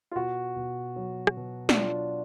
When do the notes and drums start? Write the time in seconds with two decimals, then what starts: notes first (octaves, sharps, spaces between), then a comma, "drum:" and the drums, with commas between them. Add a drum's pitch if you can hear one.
0.11 F4
0.16 B2 F#4
0.56 B2
0.96 F#3
1.27 drum: rim click
1.37 B2
1.69 D4, drum: snare
1.77 F#3 F4